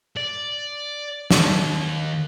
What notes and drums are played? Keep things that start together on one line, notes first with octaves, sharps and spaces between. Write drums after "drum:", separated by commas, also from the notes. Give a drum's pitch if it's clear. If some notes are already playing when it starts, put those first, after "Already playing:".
D5
D#2, drum: snare